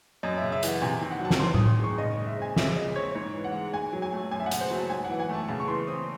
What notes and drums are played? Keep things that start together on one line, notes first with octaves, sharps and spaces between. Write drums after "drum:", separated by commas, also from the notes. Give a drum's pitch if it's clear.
F#2 D#5
C#3 E5
E5
E3 F#5, drum: hi-hat
C3 G#5
D#3
F#5
F#3 A5
drum: snare
E2 C6
D#6, drum: tom A2
D#3
G#3 C#6
C#3 D#5
G#3
E5
C4 G#5
C#3 E5, drum: snare
G#3 D#5
C4 C#5
G#2 C#5
E3
F#5
G#3
G#2 G#5
F#3
G#5
A3
F#2 G#5
E5
F#5
C#3, drum: hi-hat
C5
F#3
A5
G#2 G#5
F#5
E3
G#5
A3 A5
C#3 A5
C#6
E3 C6
C4 D#6